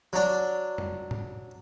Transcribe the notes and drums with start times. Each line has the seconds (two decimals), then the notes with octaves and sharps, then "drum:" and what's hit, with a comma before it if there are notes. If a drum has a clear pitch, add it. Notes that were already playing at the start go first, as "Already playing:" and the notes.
0.13 F#3 D4
0.78 drum: tom F2
1.11 drum: tom G#2